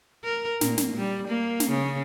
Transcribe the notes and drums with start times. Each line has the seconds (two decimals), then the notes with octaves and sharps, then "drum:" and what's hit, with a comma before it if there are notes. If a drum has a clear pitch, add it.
0.24 A#4
0.61 A#2, drum: snare
0.78 drum: snare
0.97 G3
1.27 A#3
1.60 drum: snare
1.70 C#3